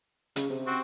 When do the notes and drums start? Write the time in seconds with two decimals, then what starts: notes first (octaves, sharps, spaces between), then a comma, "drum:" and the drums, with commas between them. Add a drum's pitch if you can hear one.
0.36 C#3, drum: hi-hat
0.50 C3
0.67 C4 F#4